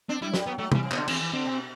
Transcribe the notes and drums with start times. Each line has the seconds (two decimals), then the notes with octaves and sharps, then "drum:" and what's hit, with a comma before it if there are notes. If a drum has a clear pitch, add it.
0.09 C4 D4
0.22 G3 E4
0.34 F#3 G3, drum: snare
0.46 F#3 B3
0.58 F#3 A3
0.72 E3 G3, drum: tom C3
0.83 C3
0.91 B3, drum: clap
0.96 D3
1.08 E3 C4, drum: cymbal
1.20 E3
1.33 D3 C4
1.46 B2